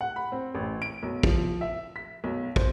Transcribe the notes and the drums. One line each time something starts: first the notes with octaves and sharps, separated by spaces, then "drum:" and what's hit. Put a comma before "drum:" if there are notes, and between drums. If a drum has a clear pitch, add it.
F#5
B5
C4
A1
D7
B1
F3, drum: kick
E5
B6
B1
C5, drum: kick